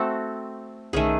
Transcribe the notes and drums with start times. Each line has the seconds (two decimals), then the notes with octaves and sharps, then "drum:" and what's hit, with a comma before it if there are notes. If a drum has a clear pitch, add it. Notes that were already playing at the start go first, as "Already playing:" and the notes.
Already playing: A3 C4 F#4 A4
0.93 D#3 A3 C#4 G#4, drum: tom B1